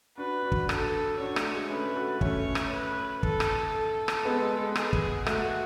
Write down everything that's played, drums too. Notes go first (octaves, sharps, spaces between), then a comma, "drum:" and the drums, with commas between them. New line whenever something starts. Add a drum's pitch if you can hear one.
D4 F#4 B4
D4 F#4
drum: kick
A4, drum: rim click
D4 F#4 C#5
A3, drum: rim click
G#3
A3 C#4 B4
F#4 A4
A3 C#4 C#5, drum: kick
drum: rim click
B4
A4, drum: kick
drum: rim click
A4
drum: rim click
G#3 B3
G#3
G#3
G#4, drum: rim click
drum: kick
A3 F#4, drum: rim click